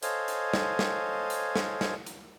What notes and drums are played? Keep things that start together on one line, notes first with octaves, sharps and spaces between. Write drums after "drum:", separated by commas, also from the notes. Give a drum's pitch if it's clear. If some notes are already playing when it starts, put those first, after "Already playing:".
A4 C5 C#5 D#5 F5 G#5, drum: hi-hat
drum: hi-hat
drum: snare
drum: snare
drum: hi-hat
drum: snare
drum: snare
drum: hi-hat